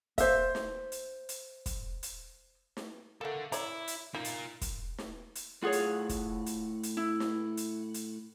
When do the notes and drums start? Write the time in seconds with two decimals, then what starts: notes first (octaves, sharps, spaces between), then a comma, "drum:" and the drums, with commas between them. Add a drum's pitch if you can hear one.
0.18 C5 E5, drum: kick, hi-hat
0.55 drum: snare
0.92 drum: hi-hat
1.29 drum: hi-hat
1.66 drum: kick, hi-hat
2.03 drum: hi-hat
2.77 drum: snare
3.21 A3 A#3 A4 F#5
3.52 E4 C#5 D5 A#5, drum: hi-hat
3.88 drum: hi-hat
4.15 D#4 F4 A#4
4.24 drum: hi-hat
4.61 drum: kick, hi-hat
4.98 drum: snare
5.35 drum: hi-hat
5.62 A2 F4 G#4 C#5 F#5
5.72 drum: hi-hat
6.09 drum: kick, hi-hat
6.46 drum: hi-hat
6.83 drum: hi-hat
6.97 E4
7.20 drum: snare
7.57 drum: hi-hat
7.94 drum: hi-hat